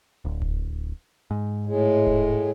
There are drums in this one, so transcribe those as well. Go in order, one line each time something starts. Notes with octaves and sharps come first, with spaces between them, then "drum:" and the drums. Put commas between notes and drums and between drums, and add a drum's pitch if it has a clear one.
D1
drum: kick D#1
G#2
A2 G#3
drum: kick D#1